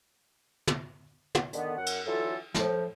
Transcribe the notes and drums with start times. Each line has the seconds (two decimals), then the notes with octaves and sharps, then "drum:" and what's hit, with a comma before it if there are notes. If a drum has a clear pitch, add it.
0.67 drum: tom
1.35 drum: tom
1.53 D3 D#3 B3, drum: hi-hat
1.77 F#2 F#5
1.86 drum: cymbal
2.06 D3 E3 F#3 F4 A4
2.54 A2 F3, drum: snare